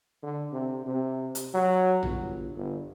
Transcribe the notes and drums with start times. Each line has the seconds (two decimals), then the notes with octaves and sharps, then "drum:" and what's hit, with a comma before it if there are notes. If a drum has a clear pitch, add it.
0.23 D3
0.53 C3
0.86 C3
1.35 drum: hi-hat
1.54 F#3
2.03 G1, drum: tom A#1
2.56 G1